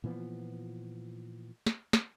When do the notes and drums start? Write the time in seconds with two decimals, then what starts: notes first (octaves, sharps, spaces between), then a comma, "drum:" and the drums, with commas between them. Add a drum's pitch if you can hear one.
0.04 A#2 E3 F3 B3
1.66 drum: snare
1.93 drum: snare